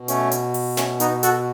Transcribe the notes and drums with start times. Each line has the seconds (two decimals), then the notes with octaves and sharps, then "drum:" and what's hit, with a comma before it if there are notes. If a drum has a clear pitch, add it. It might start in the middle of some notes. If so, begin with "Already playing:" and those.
Already playing: B2
0.08 A3 C#4, drum: hi-hat
0.31 drum: hi-hat
0.54 drum: open hi-hat
0.77 A3 C#4, drum: snare
1.00 B3 D#4, drum: hi-hat
1.23 F#4 A4, drum: hi-hat